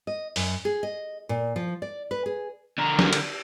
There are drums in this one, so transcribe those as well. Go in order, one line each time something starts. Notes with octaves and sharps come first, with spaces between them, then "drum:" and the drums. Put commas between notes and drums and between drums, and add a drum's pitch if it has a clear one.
D#5
F#2, drum: open hi-hat
G#4
D#5
A#2
F3
D5
B4
G#4
D3 A#4
drum: snare
drum: cymbal